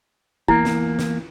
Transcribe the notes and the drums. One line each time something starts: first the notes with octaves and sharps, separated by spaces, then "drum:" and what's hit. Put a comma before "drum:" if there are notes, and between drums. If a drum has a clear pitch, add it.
E2 A#3 E4, drum: kick
drum: snare
drum: snare